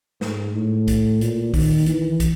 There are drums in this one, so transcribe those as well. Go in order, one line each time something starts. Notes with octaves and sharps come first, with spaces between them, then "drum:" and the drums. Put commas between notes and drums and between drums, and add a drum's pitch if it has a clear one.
G#2, drum: snare
A2
drum: kick, hi-hat
A#2, drum: hi-hat
D#3, drum: kick, open hi-hat
E3, drum: hi-hat
drum: kick, hi-hat